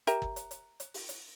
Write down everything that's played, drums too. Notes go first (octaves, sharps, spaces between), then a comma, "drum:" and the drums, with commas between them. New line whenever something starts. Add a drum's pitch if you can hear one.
G4 A#4 E5, drum: hi-hat
drum: kick
drum: hi-hat
drum: hi-hat
drum: hi-hat
drum: open hi-hat
drum: hi-hat